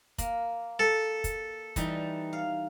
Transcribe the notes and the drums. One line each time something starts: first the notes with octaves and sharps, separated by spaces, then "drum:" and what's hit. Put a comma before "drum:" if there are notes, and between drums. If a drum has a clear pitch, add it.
A#3, drum: kick, hi-hat
A4
drum: kick, hi-hat
E3 G3 D#4, drum: kick, hi-hat
F5